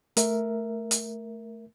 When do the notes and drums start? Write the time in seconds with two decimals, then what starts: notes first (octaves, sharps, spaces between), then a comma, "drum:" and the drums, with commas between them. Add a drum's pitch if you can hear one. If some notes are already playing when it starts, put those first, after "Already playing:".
0.17 A3 A#4 E5, drum: hi-hat
0.91 drum: hi-hat